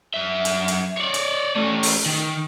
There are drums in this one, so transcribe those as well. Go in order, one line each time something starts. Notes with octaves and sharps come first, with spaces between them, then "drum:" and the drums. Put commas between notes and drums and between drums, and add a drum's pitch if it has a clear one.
F#2 E5
drum: hi-hat
drum: hi-hat
C#5 D5
drum: hi-hat
A3 C#4
drum: open hi-hat
D#3